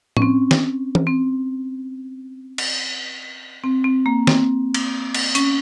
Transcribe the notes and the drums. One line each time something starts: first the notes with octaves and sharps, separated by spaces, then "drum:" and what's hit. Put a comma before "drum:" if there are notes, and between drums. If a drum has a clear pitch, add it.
C#4, drum: tom A2
C4
drum: snare
drum: tom E3
C4
drum: cymbal
C4
C4
A#3
C4, drum: snare
drum: cymbal
drum: cymbal
C#4, drum: hi-hat